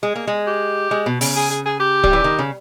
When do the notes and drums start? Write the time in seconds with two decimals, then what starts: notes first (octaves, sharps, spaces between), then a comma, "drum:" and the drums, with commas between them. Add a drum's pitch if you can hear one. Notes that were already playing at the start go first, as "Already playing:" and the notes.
0.03 G#3 G#4
0.15 A#3
0.27 G#3
0.47 G4
0.91 G#3
1.06 B2
1.21 C#3, drum: open hi-hat
1.36 G#4
1.50 G#4
1.65 G#4
1.80 G4
2.04 G3, drum: kick
2.13 E3
2.24 D#3
2.39 C#3